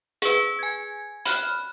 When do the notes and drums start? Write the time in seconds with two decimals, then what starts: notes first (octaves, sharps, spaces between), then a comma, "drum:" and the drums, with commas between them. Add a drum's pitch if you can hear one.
0.22 G#4 B4, drum: hi-hat
0.59 G#5 G#6
1.25 B5 F6 F#6, drum: hi-hat